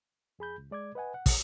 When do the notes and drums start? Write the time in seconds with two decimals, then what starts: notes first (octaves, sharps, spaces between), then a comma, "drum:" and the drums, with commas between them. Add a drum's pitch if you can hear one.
0.39 F2 G#4 B5 G6
0.58 C#2
0.71 G#3 D5 D6 G#6
0.95 B4 D#5 F#5 G#5
1.14 F#5
1.26 drum: kick, open hi-hat